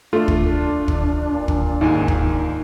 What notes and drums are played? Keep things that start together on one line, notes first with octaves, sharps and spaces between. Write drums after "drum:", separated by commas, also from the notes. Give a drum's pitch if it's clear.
A3 D4 F4
drum: kick
drum: kick
A#2
drum: kick
D#2 G#2 G#5
drum: kick